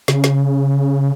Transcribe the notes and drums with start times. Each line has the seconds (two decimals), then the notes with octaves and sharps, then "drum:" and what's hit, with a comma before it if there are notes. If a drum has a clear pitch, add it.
0.08 C#3, drum: snare
0.24 drum: snare